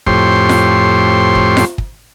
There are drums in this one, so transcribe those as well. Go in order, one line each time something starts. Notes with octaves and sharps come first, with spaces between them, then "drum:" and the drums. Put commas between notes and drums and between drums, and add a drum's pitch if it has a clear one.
F2 A2 G4 C5 C#5 C6, drum: kick
drum: snare F4
drum: kick
drum: snare F4
drum: kick